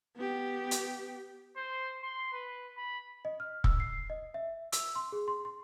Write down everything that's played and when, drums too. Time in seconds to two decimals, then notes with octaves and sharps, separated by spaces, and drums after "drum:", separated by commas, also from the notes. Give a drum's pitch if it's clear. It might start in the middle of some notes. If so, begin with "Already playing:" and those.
0.16 B3 G4
0.71 drum: hi-hat
1.57 C5
2.03 C6
2.33 B4
2.78 B5
3.25 D#5
3.40 F6
3.64 E6, drum: kick
3.80 C7
4.10 D#5
4.34 E5
4.72 E6, drum: hi-hat
4.95 C6
5.12 G#4
5.28 C6
5.45 C6